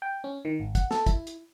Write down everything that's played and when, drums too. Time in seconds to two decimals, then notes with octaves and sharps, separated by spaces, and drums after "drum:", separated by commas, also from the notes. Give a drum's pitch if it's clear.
0.02 G5
0.24 C#4
0.45 D#3
0.60 G#1
0.75 F#5, drum: kick, hi-hat
0.91 A4, drum: snare
1.06 E4, drum: kick, hi-hat
1.27 drum: hi-hat